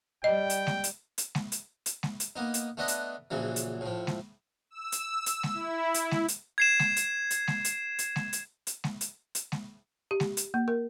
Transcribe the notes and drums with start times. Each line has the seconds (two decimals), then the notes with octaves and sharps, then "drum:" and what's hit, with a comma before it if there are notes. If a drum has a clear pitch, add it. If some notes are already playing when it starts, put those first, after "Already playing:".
0.24 G3 D#5 G5
0.50 drum: hi-hat
0.67 drum: snare G#3
0.84 drum: hi-hat
1.18 drum: hi-hat
1.35 drum: snare G#3
1.52 drum: hi-hat
1.86 drum: hi-hat
2.03 drum: snare G#3
2.20 drum: hi-hat
2.36 A#3 B3 D#4
2.54 drum: hi-hat
2.77 A3 B3 D4 B4 D#5
2.88 drum: hi-hat
3.31 A#1 C#3 E3 F#3
3.56 drum: hi-hat
3.81 A2 F3
4.07 drum: snare G#3
4.71 E6
4.92 drum: hi-hat
5.26 drum: hi-hat
5.43 drum: snare G#3
5.54 E4
5.94 drum: hi-hat
6.11 drum: snare G#3
6.28 drum: hi-hat
6.58 G#6 C7 E7
6.79 drum: snare G#3
6.96 drum: hi-hat
7.30 drum: hi-hat
7.48 drum: snare G#3
7.65 drum: hi-hat
7.99 drum: hi-hat
8.16 drum: snare G#3
8.33 drum: hi-hat
8.67 drum: hi-hat
8.84 drum: snare G#3
9.01 drum: hi-hat
9.35 drum: hi-hat
9.52 drum: snare G#3
10.11 G4
10.20 drum: snare G#3
10.37 drum: hi-hat
10.54 A#3
10.68 A#4